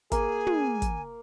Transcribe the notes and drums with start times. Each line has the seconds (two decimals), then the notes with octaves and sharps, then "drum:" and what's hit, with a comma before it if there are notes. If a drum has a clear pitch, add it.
0.12 A#3 G#4 G#5, drum: kick, hi-hat
0.47 drum: tom
0.82 drum: kick, hi-hat